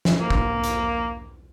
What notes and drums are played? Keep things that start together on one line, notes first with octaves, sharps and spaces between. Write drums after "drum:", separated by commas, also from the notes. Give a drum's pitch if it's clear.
drum: snare
A#3
drum: kick
drum: hi-hat